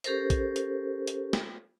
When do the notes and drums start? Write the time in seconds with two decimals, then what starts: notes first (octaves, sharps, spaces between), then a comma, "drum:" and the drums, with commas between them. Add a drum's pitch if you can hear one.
0.04 C#4 G4 A4 A#4 C5, drum: hi-hat
0.30 drum: kick, hi-hat
0.56 drum: hi-hat
1.07 drum: hi-hat
1.33 drum: snare